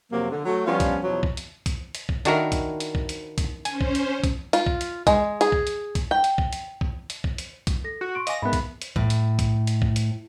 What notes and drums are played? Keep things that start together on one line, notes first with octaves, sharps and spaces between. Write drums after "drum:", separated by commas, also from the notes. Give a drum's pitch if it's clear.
F2 C3 F#3 A#3
D3
F#3 A3 F#4
F3 G3 B3 C#4 D4 F4
drum: kick B1, hi-hat
E2 B2 F3 F#3
drum: kick B1
drum: hi-hat
drum: kick B1, hi-hat
drum: hi-hat
drum: kick B1
D#3 D4 E4 F#4 A#4, drum: hi-hat
drum: kick B1, hi-hat
drum: hi-hat
drum: kick B1
drum: hi-hat
drum: kick B1, hi-hat
C#4 C5 G#5, drum: hi-hat
drum: kick B1
drum: hi-hat
drum: kick B1, hi-hat
F4, drum: hi-hat
drum: kick B1
drum: hi-hat
G#3, drum: kick B1, hi-hat
G#4, drum: hi-hat
drum: kick B1
drum: hi-hat
drum: kick B1, hi-hat
G5
drum: hi-hat
drum: kick B1
drum: hi-hat
drum: kick B1
drum: hi-hat
drum: kick B1
drum: hi-hat
drum: kick B1, hi-hat
A4 A#6
F#4
C6 C#6 D7
D#5 F5 G#5 D6 A#6, drum: hi-hat
G#2 B3 A#4 E5 B5
drum: kick B1, hi-hat
drum: hi-hat
A2, drum: kick B1
drum: hi-hat
drum: kick B1, hi-hat
drum: hi-hat
drum: kick B1
drum: hi-hat